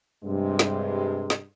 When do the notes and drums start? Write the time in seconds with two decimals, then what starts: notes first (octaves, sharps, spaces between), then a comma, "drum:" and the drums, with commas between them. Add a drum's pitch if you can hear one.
0.24 G2 C3 G#3
0.59 drum: snare
1.30 drum: snare